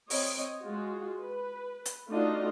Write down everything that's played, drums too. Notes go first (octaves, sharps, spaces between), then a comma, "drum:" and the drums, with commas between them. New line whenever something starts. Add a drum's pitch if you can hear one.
C4 C#5 D#5, drum: open hi-hat
G#3 F4 F#4
B4
drum: hi-hat
A3 D4 D#4 F4 F#4 D#5